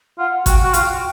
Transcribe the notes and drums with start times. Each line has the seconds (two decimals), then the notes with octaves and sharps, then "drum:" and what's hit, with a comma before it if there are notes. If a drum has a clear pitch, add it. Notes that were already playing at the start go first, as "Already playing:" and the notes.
0.18 F4 F#5
0.46 F#4 G5, drum: kick, hi-hat
0.64 F#4
0.74 F4, drum: hi-hat